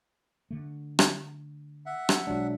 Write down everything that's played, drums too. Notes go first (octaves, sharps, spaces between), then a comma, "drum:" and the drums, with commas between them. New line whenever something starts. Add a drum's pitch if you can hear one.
D3 A3
drum: rim click
E5 F#5
drum: rim click
B1 F#3 G#3 D4